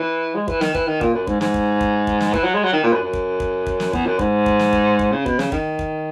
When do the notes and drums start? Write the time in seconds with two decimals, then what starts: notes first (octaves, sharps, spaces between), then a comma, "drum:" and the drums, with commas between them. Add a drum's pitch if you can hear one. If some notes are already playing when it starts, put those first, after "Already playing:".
Already playing: E3
0.35 G#3
0.48 E3, drum: kick
0.61 D#3, drum: snare
0.75 E3, drum: kick
0.87 D#3
1.01 A#2, drum: kick
1.14 F#2
1.27 G#2, drum: kick
1.41 G#2, drum: snare
1.54 drum: kick
1.81 drum: kick
2.07 drum: kick
2.20 drum: snare
2.34 E3, drum: kick
2.44 F#3
2.54 G#3
2.64 F#3
2.73 D#3
2.84 A#2
2.93 F#2
3.03 F#2
3.13 drum: kick
3.40 drum: kick
3.66 drum: kick
3.80 drum: snare
3.93 E2, drum: kick
4.06 F#2
4.19 G#2, drum: kick
4.46 drum: kick
4.59 drum: snare
4.73 drum: kick
4.99 drum: kick
5.12 C#3
5.26 B2, drum: kick
5.39 C#3, drum: snare
5.52 D#3, drum: kick
5.79 drum: kick